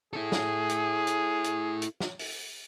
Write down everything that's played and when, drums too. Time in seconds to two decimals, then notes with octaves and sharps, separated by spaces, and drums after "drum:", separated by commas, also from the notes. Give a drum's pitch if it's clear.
0.13 E4 G#4 A4
0.32 drum: snare
0.69 drum: hi-hat
1.07 drum: hi-hat
1.44 drum: hi-hat
1.82 drum: hi-hat
2.00 drum: snare
2.19 drum: open hi-hat